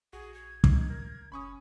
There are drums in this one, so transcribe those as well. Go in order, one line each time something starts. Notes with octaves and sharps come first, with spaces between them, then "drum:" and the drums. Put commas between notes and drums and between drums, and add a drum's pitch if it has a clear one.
A#1 F#4 G#4
G#6
D#4 C7, drum: kick
A#4
F#1 C#4 B5 C#6 D#6